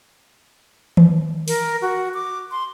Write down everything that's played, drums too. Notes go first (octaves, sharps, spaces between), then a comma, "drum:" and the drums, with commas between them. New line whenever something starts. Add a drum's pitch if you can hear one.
drum: tom D#3
A#4, drum: open hi-hat
F#4
D6
C6